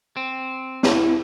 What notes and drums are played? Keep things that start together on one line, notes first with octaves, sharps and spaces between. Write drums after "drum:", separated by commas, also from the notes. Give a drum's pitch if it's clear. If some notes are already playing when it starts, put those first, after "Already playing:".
C4
E4, drum: snare